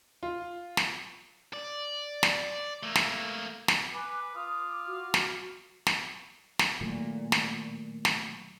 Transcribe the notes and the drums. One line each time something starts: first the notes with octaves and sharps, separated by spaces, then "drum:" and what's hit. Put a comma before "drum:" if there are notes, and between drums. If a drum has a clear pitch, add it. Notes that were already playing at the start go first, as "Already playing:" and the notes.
F4
drum: snare
D5
drum: snare
A3 A#3
drum: snare
drum: snare
B4 G#5 D6 F#6
F4 D#6
F#4 F6
drum: snare
drum: snare
drum: snare
A#2 D#3 F#3 A3
drum: snare
drum: snare